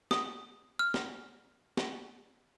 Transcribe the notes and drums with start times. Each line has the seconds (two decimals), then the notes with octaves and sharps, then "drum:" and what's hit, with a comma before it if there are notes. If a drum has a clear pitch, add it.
0.11 D#6, drum: snare
0.79 F6
0.94 drum: snare
1.77 drum: snare